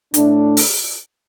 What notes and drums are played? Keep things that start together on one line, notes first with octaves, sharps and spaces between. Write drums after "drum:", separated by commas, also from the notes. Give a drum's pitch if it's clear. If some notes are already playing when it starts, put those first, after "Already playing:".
A2 A3 D4, drum: hi-hat
drum: open hi-hat